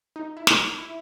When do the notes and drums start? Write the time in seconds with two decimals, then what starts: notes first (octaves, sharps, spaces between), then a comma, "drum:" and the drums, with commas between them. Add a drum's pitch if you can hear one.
0.16 D#4
0.37 E4
0.47 D#4, drum: snare
0.78 E4